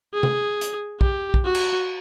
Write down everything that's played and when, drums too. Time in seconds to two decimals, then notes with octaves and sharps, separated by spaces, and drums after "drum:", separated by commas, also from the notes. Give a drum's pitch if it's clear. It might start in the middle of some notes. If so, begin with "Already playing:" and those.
0.14 G#4
0.23 drum: tom C3
0.61 drum: hi-hat
1.01 G4, drum: kick
1.34 drum: kick
1.44 F#4
1.55 drum: cymbal